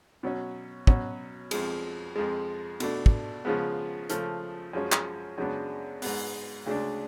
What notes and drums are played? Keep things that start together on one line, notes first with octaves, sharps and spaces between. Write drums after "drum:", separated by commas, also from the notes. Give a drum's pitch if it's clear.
B2 F#3 C#4
B2 F#3 C#4, drum: kick
F2 F3 G#3, drum: cymbal
F2 F3 G#3
B2 A3 D4, drum: cymbal
drum: kick
C#3 F3 G#3 B3
C#3 F3 A3, drum: hi-hat
F#2 F3 G#3 C#4
drum: clap
F#2 C#3 G#3 B3 D4
G#2 G#3 B3, drum: open hi-hat
D2 C#3 G#3 D4